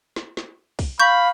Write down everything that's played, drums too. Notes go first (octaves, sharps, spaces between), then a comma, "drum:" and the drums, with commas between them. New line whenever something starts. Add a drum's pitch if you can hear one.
drum: snare
drum: snare
drum: kick, open hi-hat
F5 B5 C#6 G6